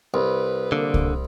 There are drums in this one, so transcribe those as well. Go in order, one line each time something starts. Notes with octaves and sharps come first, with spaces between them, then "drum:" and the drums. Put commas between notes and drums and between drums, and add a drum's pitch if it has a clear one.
C2 B4
D3 A#3
drum: kick C2